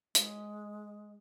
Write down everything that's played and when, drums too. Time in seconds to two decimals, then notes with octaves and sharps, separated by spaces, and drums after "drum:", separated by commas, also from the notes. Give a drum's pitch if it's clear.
0.15 G#3, drum: hi-hat